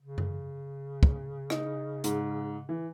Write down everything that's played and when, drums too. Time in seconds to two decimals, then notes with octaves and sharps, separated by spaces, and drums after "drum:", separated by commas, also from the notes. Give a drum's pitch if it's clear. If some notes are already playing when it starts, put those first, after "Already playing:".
0.01 C#3
0.18 drum: tom F#2
1.03 drum: kick
1.50 D#4, drum: rim click
2.04 G#2, drum: hi-hat
2.69 E3